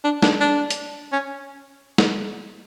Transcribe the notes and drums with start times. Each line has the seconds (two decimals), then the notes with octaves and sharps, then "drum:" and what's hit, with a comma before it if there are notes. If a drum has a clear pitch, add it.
0.04 D4
0.22 D4, drum: snare
0.40 D4
0.70 drum: hi-hat
1.13 C#4
1.98 drum: snare